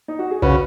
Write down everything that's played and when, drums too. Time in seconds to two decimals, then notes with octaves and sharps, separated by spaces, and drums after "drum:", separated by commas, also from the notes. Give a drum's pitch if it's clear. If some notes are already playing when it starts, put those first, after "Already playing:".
0.08 D#4
0.19 F#4
0.31 G#4
0.42 C#3 F#4 B4, drum: kick